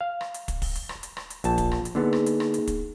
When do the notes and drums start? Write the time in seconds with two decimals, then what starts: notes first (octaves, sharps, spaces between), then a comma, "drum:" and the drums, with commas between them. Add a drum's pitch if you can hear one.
0.01 F5
0.21 drum: rim click
0.34 drum: hi-hat
0.48 drum: kick, hi-hat
0.62 drum: kick, open hi-hat
0.75 drum: hi-hat
0.89 drum: rim click
1.03 drum: hi-hat
1.17 drum: rim click
1.30 drum: hi-hat
1.44 A#1 F4 A5, drum: hi-hat
1.58 drum: kick, hi-hat
1.71 drum: rim click
1.85 drum: hi-hat
1.95 D3 A#3 B3 D#4 G#4
2.13 drum: rim click
2.26 drum: hi-hat
2.40 drum: rim click
2.54 drum: hi-hat
2.67 drum: kick, hi-hat